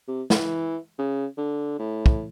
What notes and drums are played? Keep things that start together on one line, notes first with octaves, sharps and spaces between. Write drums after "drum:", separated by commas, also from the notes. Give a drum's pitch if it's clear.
C3
E3, drum: snare
C#3
D3
A2
drum: kick